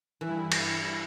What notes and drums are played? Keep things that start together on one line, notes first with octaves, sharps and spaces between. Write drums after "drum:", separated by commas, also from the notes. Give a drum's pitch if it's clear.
G2 E3 E4
drum: cymbal